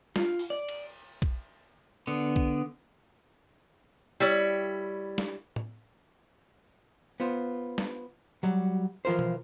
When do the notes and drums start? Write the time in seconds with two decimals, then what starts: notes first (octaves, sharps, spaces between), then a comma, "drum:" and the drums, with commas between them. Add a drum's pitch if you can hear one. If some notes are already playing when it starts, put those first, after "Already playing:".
0.16 F4, drum: snare
0.39 drum: open hi-hat
0.50 D5
0.69 drum: cymbal
1.22 drum: kick
2.07 D3 B3
2.36 drum: kick
4.20 G3 E4 C#5
5.18 drum: snare
5.56 drum: tom A2
7.20 B3 F4 C5
7.78 drum: snare
8.43 F#3 G3
9.05 E3 F3 F4 A#4 C5
9.19 drum: tom B2